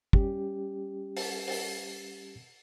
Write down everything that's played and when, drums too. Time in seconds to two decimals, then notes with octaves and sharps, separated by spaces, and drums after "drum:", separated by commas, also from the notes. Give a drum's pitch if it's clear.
0.13 G3 C#4 G4, drum: kick
1.17 drum: open hi-hat
1.48 drum: open hi-hat